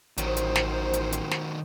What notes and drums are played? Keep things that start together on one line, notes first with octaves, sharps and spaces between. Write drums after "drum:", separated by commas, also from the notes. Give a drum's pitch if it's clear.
A1 D#3 F#3 C5, drum: hi-hat
drum: hi-hat
drum: snare
drum: hi-hat
drum: hi-hat
drum: snare